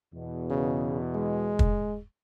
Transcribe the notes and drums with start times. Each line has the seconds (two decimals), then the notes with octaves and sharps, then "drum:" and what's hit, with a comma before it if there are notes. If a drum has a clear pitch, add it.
0.14 E2 B2
0.50 C#3
1.15 G#3
1.59 drum: kick